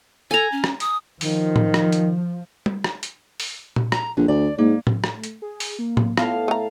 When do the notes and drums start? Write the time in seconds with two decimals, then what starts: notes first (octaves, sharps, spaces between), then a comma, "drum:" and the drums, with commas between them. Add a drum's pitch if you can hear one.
0.31 A4 G#5 A#5
0.52 C#4
0.64 drum: rim click
0.80 D#6, drum: hi-hat
1.21 D#3 F3, drum: open hi-hat
1.56 drum: tom A2
1.74 drum: rim click
1.92 drum: hi-hat
2.66 drum: tom
2.84 drum: rim click
3.03 drum: hi-hat
3.40 drum: open hi-hat
3.76 drum: tom A#2
3.92 A#5, drum: rim click
4.17 A#1 D3
4.28 D2 D5
4.58 G#2 A#3
4.87 drum: tom A2
5.04 A3, drum: rim click
5.24 drum: hi-hat
5.42 G#4
5.60 drum: open hi-hat
5.79 A#3
5.97 drum: tom A2
6.17 A2 B3 F4 F5 A5, drum: rim click
6.48 A3 A#5